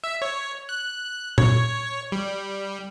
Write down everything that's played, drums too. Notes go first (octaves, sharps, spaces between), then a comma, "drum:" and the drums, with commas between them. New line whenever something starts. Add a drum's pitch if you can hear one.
E5
C#5
F#6
C#5, drum: tom A#2
G3